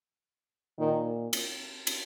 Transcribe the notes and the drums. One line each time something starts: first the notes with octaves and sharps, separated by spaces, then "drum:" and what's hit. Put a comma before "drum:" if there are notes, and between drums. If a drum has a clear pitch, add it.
A#2 D#3
drum: cymbal
drum: cymbal